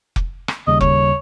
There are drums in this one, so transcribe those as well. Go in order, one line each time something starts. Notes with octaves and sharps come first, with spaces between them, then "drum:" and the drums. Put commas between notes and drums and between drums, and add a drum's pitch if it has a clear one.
drum: kick F1
drum: rim click
D#2 C#3 G3 D#5
C#5, drum: kick F1